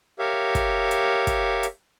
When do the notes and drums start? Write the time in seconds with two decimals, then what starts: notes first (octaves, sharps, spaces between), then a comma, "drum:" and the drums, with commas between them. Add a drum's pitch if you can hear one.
0.19 G4 A#4 C#5 E5 F5
0.55 drum: kick, hi-hat
0.91 drum: hi-hat
1.27 drum: kick, hi-hat
1.63 drum: hi-hat